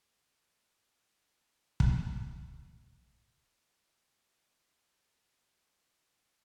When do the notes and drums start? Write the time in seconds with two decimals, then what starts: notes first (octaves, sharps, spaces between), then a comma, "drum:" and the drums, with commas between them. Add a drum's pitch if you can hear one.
0.20 B3 C4 D#6
1.08 G2 C3
1.46 F2
1.80 drum: kick
3.20 D4
4.24 D#3 B3
5.49 A4
5.91 G#5